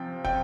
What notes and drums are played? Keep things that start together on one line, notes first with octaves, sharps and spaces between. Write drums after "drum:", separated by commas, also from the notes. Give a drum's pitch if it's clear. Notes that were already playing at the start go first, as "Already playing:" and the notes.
Already playing: C3 F3 G5
G5, drum: kick